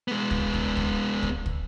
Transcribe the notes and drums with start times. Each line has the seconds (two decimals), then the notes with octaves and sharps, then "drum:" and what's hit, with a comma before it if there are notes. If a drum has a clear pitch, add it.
0.08 G#3 B3
0.31 drum: kick
0.54 drum: kick
0.77 drum: kick
1.23 drum: kick
1.46 drum: kick